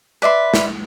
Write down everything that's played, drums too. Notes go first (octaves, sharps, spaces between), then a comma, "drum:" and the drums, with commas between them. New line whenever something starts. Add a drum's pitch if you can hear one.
B4 D5 E5 C6
drum: snare